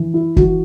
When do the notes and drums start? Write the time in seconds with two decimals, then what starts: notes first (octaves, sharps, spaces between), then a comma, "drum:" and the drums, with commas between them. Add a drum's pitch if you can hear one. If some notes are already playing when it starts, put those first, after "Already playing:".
Already playing: E3
0.14 E4
0.37 E3 F#4, drum: kick